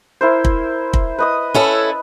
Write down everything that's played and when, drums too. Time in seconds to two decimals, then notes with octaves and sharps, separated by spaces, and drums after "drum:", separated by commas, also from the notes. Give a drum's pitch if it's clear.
0.21 E4 A#4 C5
0.45 drum: kick
0.93 drum: kick
1.19 B4 D#5 D#6
1.54 C#4 E4 A4